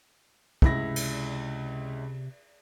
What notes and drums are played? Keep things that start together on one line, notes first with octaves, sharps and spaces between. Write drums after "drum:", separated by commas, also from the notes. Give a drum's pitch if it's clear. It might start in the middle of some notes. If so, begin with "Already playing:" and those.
C#2 C3 E4 A#6, drum: kick
drum: cymbal